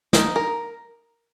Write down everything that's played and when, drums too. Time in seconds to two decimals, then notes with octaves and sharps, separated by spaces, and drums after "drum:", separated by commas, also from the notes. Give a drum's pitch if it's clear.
0.13 D#4, drum: snare
0.36 A#4